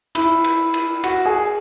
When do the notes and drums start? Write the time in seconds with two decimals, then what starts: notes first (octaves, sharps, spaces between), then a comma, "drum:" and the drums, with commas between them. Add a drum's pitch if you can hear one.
0.15 E4, drum: cymbal
0.44 drum: cymbal
0.74 drum: cymbal
1.04 F#4, drum: cymbal
1.26 G#4